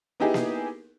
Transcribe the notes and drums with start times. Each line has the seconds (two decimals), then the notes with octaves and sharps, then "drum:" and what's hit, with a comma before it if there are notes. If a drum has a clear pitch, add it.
0.20 B3 D#4 E4 G4 G#4
0.34 drum: snare A#3